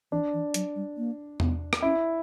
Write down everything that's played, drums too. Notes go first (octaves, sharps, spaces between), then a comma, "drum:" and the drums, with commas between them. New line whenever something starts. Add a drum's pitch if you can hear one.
E3 D4
E3
F#3, drum: hi-hat
G3
A#3
B3, drum: tom E2
drum: rim click
C#4 E4